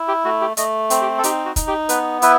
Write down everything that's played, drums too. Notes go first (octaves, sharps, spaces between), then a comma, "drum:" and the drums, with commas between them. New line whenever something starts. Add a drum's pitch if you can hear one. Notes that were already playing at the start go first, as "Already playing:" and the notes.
Already playing: E4
G4
A3 F#4
G4
A3 D#5, drum: hi-hat
C4, drum: hi-hat
G4
A4
D#4 G4, drum: hi-hat
F#4
D#4, drum: kick, hi-hat
G4
B3 B4, drum: hi-hat
E4 B4, drum: hi-hat